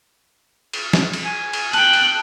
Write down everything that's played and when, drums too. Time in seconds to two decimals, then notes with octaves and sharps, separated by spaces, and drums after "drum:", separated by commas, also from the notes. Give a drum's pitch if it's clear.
0.73 drum: cymbal
0.93 drum: snare
1.13 drum: cymbal
1.25 G#5
1.53 drum: cymbal
1.73 G5 A5 F#6, drum: cymbal
1.93 drum: cymbal